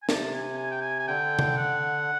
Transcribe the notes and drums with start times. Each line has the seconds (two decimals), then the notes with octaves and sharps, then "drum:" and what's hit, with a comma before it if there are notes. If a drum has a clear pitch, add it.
0.03 G#5
0.09 C3 A5, drum: snare
0.34 G#5
0.57 G#5
0.71 G5
0.82 G#5
0.99 G#5
1.08 D3 G5
1.39 drum: tom C3
1.57 F#5